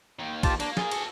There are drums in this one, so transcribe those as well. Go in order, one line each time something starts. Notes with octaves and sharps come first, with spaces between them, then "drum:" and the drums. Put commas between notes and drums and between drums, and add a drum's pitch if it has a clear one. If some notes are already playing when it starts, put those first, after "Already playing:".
D#2 D#3
F4 G4 A5, drum: kick, cymbal
A#3 D4, drum: cymbal
F4 G#4 A#4, drum: snare
F#4 A4, drum: cymbal